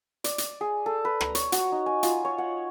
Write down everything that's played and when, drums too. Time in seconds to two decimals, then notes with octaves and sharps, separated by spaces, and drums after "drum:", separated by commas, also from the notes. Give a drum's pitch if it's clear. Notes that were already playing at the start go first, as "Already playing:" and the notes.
0.24 D5, drum: hi-hat
0.38 drum: hi-hat
0.61 G#4
0.86 A4
1.05 B4
1.21 A#5, drum: rim click
1.35 C#5, drum: hi-hat
1.52 F#4, drum: hi-hat
1.72 D#4
1.86 G#5
2.03 F4, drum: hi-hat
2.25 C#5
2.38 F#5